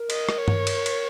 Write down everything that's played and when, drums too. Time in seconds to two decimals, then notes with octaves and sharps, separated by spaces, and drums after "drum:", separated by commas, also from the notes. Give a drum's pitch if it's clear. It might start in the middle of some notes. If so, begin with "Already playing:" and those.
Already playing: A#4
0.10 D#5, drum: cymbal
0.29 drum: rim click
0.38 C#5
0.48 drum: tom G2
0.67 drum: cymbal
0.86 drum: cymbal